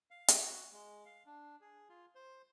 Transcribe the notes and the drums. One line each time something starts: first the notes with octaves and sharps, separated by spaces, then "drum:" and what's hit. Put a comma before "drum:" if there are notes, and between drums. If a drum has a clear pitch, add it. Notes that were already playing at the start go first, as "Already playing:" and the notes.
F5
drum: hi-hat
F#4
G#3
F5
D4
G#4
F4
C5